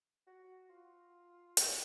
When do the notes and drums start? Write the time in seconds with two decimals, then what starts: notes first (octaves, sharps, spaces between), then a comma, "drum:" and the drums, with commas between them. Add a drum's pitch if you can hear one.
0.27 F#4
0.69 F4
1.57 drum: hi-hat